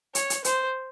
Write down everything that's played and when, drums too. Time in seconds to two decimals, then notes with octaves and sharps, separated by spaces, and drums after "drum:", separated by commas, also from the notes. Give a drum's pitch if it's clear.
0.15 C#5, drum: hi-hat
0.30 drum: hi-hat
0.45 C5, drum: hi-hat